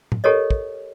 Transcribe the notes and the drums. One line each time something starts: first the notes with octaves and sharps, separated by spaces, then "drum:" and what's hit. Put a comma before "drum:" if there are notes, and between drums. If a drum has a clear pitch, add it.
drum: tom
G4 A4 A#4 C#5 D#5
drum: kick